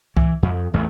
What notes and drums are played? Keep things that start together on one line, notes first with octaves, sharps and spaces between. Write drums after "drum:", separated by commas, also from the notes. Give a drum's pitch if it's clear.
E3, drum: kick C2
F2
A1 E2 A3